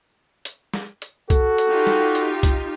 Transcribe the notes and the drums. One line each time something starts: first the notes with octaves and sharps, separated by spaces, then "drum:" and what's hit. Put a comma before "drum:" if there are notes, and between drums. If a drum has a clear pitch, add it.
drum: hi-hat
drum: snare
drum: hi-hat
F#4 A4, drum: kick C2, hi-hat
drum: hi-hat
D#4 F4 G4
drum: snare
drum: hi-hat
drum: kick C2, hi-hat